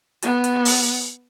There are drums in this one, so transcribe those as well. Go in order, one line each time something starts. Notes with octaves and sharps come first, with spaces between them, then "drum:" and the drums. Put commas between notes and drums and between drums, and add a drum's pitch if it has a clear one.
B3, drum: hi-hat
drum: hi-hat
drum: open hi-hat